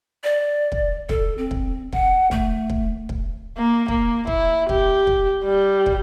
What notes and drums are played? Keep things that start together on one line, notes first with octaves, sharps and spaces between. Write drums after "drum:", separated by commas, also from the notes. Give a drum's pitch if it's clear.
D5
drum: kick
A4, drum: kick
C4
drum: kick
F#5, drum: kick
A3, drum: kick
drum: kick
drum: kick
A#3
A#3, drum: kick
E4, drum: kick
G4, drum: kick
drum: kick
G3
drum: kick